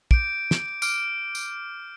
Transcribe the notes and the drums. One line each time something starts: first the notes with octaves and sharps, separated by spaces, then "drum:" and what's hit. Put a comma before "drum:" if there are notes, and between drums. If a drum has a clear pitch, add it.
D6 G6 D7, drum: kick
drum: snare
D6 F6 D7, drum: tambourine
drum: tambourine